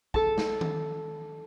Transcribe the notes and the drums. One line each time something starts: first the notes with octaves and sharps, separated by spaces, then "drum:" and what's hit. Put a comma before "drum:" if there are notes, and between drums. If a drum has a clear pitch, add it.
A4 A5, drum: kick
drum: snare
drum: tom D#3